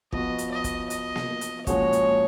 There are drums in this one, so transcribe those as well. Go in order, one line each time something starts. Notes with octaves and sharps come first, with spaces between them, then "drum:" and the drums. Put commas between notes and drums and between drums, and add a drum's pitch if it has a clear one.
F3 B3 F#4 D#5, drum: kick
drum: hi-hat
D#5
drum: kick, hi-hat
D#5, drum: hi-hat
drum: snare A#3
drum: hi-hat
A#2 F3 G#3 C#4 F#4 C#5, drum: kick, hi-hat
drum: hi-hat